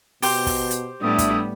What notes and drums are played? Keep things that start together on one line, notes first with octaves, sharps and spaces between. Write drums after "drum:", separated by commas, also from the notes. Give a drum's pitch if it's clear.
B2 G4 C5, drum: open hi-hat
drum: kick, open hi-hat
drum: hi-hat
A2 G3 A3 B3 D4 E4 D#6
drum: kick, hi-hat